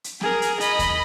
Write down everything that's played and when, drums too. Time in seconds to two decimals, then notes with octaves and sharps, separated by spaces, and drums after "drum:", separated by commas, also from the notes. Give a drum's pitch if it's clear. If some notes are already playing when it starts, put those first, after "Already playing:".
0.04 drum: hi-hat
0.21 G#4 A#4, drum: snare C4
0.42 drum: hi-hat
0.60 D#5 B5, drum: hi-hat
0.79 drum: kick D#2, hi-hat